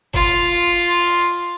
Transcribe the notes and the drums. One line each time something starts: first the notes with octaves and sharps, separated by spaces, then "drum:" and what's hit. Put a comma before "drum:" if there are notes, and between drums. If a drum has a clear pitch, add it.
F4, drum: kick G1
drum: open hi-hat